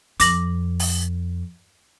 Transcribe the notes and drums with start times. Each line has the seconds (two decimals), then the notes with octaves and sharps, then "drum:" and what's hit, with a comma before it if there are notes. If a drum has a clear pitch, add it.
0.20 F2 D6 A#6 F#7, drum: hi-hat
0.79 drum: open hi-hat